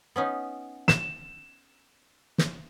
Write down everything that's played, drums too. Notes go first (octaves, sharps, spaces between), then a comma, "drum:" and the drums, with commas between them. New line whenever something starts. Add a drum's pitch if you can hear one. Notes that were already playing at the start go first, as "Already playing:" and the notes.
B3 C#4 D#4
E7, drum: snare
drum: snare